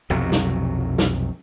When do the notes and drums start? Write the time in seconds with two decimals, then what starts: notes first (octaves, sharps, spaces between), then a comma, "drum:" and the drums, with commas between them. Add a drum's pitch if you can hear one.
0.10 B1 F2 C3 F#3
0.32 drum: snare
0.98 drum: snare